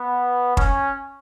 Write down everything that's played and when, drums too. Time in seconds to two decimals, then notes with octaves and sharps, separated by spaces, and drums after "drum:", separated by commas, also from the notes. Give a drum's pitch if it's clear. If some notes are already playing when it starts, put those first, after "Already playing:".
Already playing: B3
0.57 C#4, drum: kick